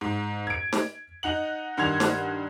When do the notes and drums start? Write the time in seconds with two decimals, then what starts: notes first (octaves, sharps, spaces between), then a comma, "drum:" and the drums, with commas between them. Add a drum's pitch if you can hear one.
0.01 G#2
0.47 G#6 D7
0.73 drum: snare
1.23 D#4 F#5 F#7
1.77 G2 D#3 F#5 C6 G#6 F7
2.00 drum: snare